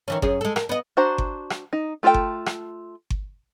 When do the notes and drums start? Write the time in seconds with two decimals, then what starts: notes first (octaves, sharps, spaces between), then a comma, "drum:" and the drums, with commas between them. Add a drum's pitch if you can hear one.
0.08 D#3 E3 C#4
0.22 F#2 C#4 G#4, drum: kick G1
0.41 G#3 A4
0.56 A#4, drum: rim click
0.69 B3 D#5
0.97 D4 F#4 C5 A#5
1.18 drum: kick G1
1.50 drum: rim click
1.73 D#4
2.03 A3 F4 A4 C5 G5
2.14 drum: kick G1
2.46 drum: rim click
3.10 drum: kick G1